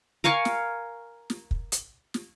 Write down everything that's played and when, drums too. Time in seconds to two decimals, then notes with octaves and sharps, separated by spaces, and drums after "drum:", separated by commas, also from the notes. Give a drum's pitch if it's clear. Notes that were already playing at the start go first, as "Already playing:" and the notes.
0.24 A#4 F5 G#5 C#6
0.45 drum: snare
1.30 drum: snare
1.51 drum: kick
1.72 drum: hi-hat
2.14 drum: snare